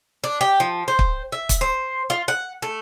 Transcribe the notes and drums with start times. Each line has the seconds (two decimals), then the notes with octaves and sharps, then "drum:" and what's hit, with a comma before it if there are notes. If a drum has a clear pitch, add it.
0.24 D4
0.41 G4
0.60 F3
0.88 C5
0.99 drum: kick
1.32 E5
1.49 drum: kick, hi-hat
1.61 C5
2.10 F4
2.28 F#5
2.62 A3